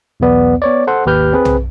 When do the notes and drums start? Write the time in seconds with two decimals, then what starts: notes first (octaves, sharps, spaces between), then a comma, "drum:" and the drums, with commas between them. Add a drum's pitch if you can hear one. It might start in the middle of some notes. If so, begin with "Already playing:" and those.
0.20 B1 E2 B3 D5
0.62 B3 C#5 D5
0.87 A4 C5 F#5 C6
1.06 G#1 D#2 G4 B4 F6 G6
1.33 C4 G#4 B4
1.45 drum: tom B1